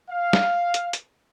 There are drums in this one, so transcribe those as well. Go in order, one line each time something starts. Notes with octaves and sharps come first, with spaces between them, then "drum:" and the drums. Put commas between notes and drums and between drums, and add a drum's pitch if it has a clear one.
F5
drum: snare
drum: hi-hat
drum: hi-hat